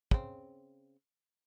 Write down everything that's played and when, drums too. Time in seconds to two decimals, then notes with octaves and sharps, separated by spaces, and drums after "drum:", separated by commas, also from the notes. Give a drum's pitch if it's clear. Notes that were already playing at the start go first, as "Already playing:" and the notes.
0.11 C#3 C4, drum: kick